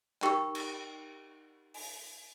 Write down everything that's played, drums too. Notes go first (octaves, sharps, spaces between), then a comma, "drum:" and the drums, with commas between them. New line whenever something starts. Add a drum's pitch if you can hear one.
D#4 G4 A#4 G5 B5 C#6, drum: clap
drum: cymbal
drum: open hi-hat